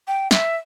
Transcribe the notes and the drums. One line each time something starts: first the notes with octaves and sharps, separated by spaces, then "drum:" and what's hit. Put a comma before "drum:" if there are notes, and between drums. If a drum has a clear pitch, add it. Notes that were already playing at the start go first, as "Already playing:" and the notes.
G5
E5, drum: snare